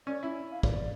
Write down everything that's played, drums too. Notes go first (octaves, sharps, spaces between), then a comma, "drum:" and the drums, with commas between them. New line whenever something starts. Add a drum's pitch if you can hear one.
C#4 D5
C#4 E4
F5
D5, drum: kick